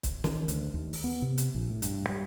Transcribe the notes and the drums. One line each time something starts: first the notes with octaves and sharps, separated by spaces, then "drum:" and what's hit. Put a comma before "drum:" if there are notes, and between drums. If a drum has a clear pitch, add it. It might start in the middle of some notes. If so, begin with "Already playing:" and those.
drum: kick, hi-hat
D#3, drum: snare
D2, drum: hi-hat
D#2
drum: open hi-hat
B3
C3
drum: hi-hat
A#1
A2
G2, drum: hi-hat
G3